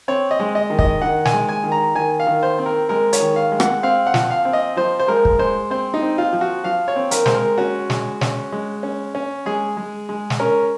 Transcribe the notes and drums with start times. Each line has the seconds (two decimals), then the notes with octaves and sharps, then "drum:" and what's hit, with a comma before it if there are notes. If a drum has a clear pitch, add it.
0.08 C4 C#5
0.31 D#5
0.40 G#3
0.55 D#5
0.70 D#3
0.79 D#5, drum: kick
1.02 D#3 F#5
1.25 G#5, drum: snare
1.33 G#3
1.49 G#5
1.64 D#3
1.72 A#5
1.95 D#3 G#5
2.20 F5
2.27 D#3
2.43 C5
2.59 C4
2.66 A#4
2.89 G#3 A#4
3.13 C#5, drum: hi-hat
3.20 D#3
3.36 F5
3.52 G#3
3.60 F#5, drum: rim click
3.83 C4 F5
4.07 F#5
4.14 F3, drum: snare
4.30 F5
4.45 C4
4.53 D#5
4.77 F3 C5
5.00 C5
5.08 G#3 A#4
5.25 drum: kick
5.39 G#3 C5
5.70 C4 C5
5.94 D#4
6.02 C4
6.18 F4
6.33 F3
6.41 F#4
6.64 F3 F5
6.88 C#5
6.96 C4
7.11 A#4, drum: hi-hat
7.26 G#3 C5, drum: snare
7.35 A#4
7.58 C#4 F#4
7.90 G#3, drum: snare
8.21 C#4, drum: snare
8.52 G#3
8.83 C#4
9.15 C#4
9.46 G#3 G#4
9.77 G#3
10.09 G#3
10.30 drum: snare
10.40 C#4 A#4